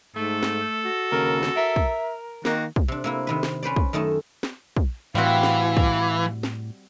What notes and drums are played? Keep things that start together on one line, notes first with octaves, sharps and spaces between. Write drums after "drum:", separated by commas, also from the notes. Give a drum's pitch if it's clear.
G#2 A3 A4
drum: snare
F#4
D#2 C#3 A#4
drum: snare
A#4 E5
drum: kick
D#3 A#3 F#4, drum: snare
drum: kick
C3 D4
C3 A#3 E4
C3 D#3 B4
drum: snare
C#4 B4 C5 D5
drum: kick
F#2 D#3 A3 D#5 A5
drum: snare
drum: kick
A2 E3 G3 C4 F#4 F5
drum: snare
drum: kick
drum: snare